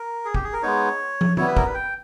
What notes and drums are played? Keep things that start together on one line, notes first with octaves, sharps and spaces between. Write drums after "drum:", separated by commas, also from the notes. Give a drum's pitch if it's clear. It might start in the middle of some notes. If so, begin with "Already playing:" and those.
Already playing: A#4
G#4
G4, drum: kick
G#4
A#4
G#3 B3 D#4 C#5
drum: tom
G3 B3 E4 C#5, drum: tom
B4
A#4, drum: kick
B4
G5